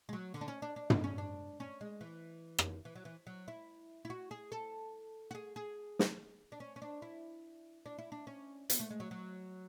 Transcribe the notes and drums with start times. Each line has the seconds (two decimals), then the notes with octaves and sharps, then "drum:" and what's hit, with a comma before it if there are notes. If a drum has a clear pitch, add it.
0.09 G#3
0.13 F#3
0.34 D3
0.41 D4
0.48 C#4
0.62 D4
0.76 D4
0.90 B3, drum: tom
1.04 C#4
1.18 D4
1.60 C#4
1.81 G#3
2.01 E3
2.58 drum: rim click
2.85 E3
2.95 F#3
3.05 E3
3.27 F#3
3.48 E4
4.05 E4
4.10 F#4
4.31 G#4
4.52 A4
5.31 F#4
5.35 G#4
5.56 G#4
5.99 drum: snare
6.52 D4
6.60 C#4
6.76 C#4
6.82 D4
7.02 E4
7.86 D4
7.98 E4
8.12 D4
8.27 C#4
8.70 B3, drum: hi-hat
8.80 A3
8.91 G#3
9.00 F#3
9.11 F#3